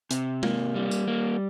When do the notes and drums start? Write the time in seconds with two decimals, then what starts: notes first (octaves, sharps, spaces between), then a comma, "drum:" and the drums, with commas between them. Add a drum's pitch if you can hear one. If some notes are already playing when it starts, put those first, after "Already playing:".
0.11 C3, drum: hi-hat
0.43 A#3, drum: tom G#3
0.75 G3
0.91 drum: tambourine
1.08 A#3